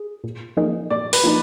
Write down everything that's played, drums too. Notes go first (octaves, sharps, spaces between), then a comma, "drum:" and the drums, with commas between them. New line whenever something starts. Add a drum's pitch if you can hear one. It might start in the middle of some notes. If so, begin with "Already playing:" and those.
Already playing: G#4
A#2
F3 A#3 D#4 G#4
A#2 D5
B4, drum: open hi-hat
F3 A#3 D#4